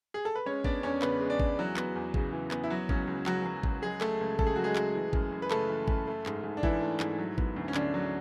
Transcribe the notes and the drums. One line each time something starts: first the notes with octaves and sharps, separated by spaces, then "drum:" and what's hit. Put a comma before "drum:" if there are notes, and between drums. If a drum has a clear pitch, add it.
G#4
A4
B4
G#3 C#4 C#5
B3 D4 D5, drum: kick
E2 C#4 C#5
C#3 B3 B4, drum: clap
G#3
D4 D5
B3, drum: kick
E3 F#3 F#4
B3, drum: clap
E2
C#3, drum: kick
E3
B3, drum: clap
E4
F#3 F#4
C#2 C#4, drum: kick
C#2
C#3 F#3 F#4, drum: clap
F#3
C#2, drum: kick
F#3 G#3 G#4
A3 A4, drum: clap
C#2
C#3 A4, drum: kick
G#4
F#3 F#4
G#3 G#4
A3, drum: clap
E3
F#2, drum: kick
F#2
B4
C#3 A3 A4, drum: clap
E3
F#2, drum: kick
A3
G#2, drum: clap
G#2
D4
E3 E4, drum: kick
A3
G#2, drum: clap
F#3
B3, drum: kick
D2
C#4
D3 D4, drum: clap
F#3